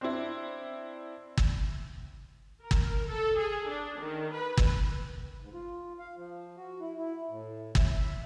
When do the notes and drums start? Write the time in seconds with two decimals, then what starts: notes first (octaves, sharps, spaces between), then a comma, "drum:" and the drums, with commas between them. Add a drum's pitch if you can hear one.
0.01 C4 D4 E4
1.37 drum: kick
2.62 A#4
2.71 drum: kick
3.08 A4
3.38 G#4
3.68 D4
4.00 D#3
4.34 B4
4.57 drum: kick
5.40 G#2
5.54 F4
5.99 F5
6.17 F3
6.57 F#4
6.80 E4
6.97 E4
7.30 A2
7.75 E4, drum: kick
7.94 E5